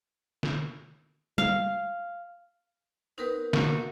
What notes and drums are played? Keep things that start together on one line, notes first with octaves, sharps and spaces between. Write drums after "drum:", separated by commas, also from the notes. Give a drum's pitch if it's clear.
drum: snare
F5, drum: tom G3
B3 C4 D#4 A#4 B4
A3 A#3 F#4, drum: snare